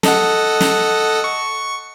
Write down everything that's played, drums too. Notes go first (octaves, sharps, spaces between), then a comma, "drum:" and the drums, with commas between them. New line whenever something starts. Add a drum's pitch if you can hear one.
A4 D#5 F#5, drum: snare
drum: snare
C#6